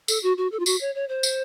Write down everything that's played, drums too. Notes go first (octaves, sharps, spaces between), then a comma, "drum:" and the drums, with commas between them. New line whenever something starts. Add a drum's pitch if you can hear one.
A4, drum: tambourine
F#4
F#4
A4
F4
F#4, drum: tambourine
C#5
C#5
C5
drum: tambourine